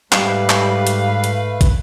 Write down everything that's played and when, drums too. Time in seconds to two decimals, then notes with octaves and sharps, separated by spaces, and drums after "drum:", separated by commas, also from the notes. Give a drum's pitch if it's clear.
0.12 G#2 G3 A3 B4 F5, drum: clap
0.49 drum: clap
0.87 drum: hi-hat
1.24 drum: hi-hat
1.61 drum: kick, hi-hat